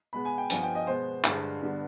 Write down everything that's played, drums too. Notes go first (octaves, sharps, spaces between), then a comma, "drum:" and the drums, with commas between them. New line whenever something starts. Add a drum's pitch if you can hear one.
B2 G#3 B3 B5
G#5
G5
G2 F3 B3 G#5, drum: hi-hat
G5
D#5
B2 G#3 B3 C5
G2 D3 G#3, drum: clap
G2 D3 G3 B3